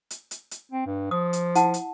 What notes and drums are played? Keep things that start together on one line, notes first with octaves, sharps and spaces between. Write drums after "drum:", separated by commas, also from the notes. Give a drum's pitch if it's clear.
drum: hi-hat
drum: hi-hat
drum: hi-hat
C4
G2
F3 D#6
drum: hi-hat
E4 F#5 A5, drum: hi-hat
drum: hi-hat